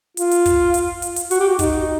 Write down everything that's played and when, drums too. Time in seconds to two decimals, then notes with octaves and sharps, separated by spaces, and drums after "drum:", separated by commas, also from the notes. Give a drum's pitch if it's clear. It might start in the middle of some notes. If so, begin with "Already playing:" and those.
0.17 F4, drum: hi-hat
0.31 drum: hi-hat
0.46 drum: kick, hi-hat
0.74 drum: hi-hat
1.02 drum: hi-hat
1.16 drum: hi-hat
1.31 F#4, drum: hi-hat
1.40 G4
1.49 F#4
1.59 D#4, drum: kick, hi-hat